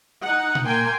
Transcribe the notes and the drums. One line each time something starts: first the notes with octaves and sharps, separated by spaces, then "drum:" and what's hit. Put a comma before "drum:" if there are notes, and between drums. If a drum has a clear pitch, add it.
D#4 F#5
drum: tom A#2
A#3 G5 G#5 C6